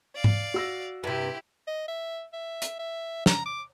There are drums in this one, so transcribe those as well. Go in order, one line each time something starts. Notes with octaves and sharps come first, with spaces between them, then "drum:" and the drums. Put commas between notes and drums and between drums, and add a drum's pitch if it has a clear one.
D5 F5
drum: tom G#2
F#4 E6 A#6
G2 C3 E4 G4
D#5
E5
E5
drum: hi-hat
E5
A#5, drum: snare
D6